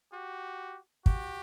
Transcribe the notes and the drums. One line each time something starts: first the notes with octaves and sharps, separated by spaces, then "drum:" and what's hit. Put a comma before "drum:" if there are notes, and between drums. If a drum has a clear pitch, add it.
F#4 G4
F#4 G4, drum: kick